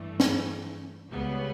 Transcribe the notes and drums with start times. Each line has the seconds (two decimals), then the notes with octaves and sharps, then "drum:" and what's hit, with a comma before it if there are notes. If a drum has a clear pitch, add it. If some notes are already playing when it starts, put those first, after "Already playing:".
Already playing: G2 E3 A3
0.20 drum: snare
1.09 C#2 C#3 G3 B3